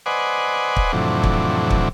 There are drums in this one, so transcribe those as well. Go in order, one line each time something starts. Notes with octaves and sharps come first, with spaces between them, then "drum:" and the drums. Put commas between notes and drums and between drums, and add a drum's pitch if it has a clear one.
B4 C5 D5 D#5 F#5 G#5
drum: kick
F2 A2 C3 E3 F#3 D4
drum: kick
drum: kick